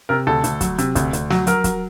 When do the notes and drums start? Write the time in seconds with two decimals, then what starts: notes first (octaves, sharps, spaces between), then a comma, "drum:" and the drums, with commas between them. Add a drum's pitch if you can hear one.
0.09 C3 A#4
0.27 D2 A4
0.44 D2, drum: hi-hat
0.61 F#3, drum: kick, hi-hat
0.78 C3, drum: hi-hat
0.96 D2, drum: kick, hi-hat
1.13 D2, drum: hi-hat
1.30 F#3, drum: snare
1.47 F#3 A#4, drum: hi-hat
1.64 F#3, drum: kick, hi-hat